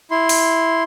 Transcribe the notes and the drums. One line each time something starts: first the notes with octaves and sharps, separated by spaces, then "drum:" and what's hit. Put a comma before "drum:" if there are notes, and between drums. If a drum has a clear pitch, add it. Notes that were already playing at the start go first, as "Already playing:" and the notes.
E4 C6
drum: open hi-hat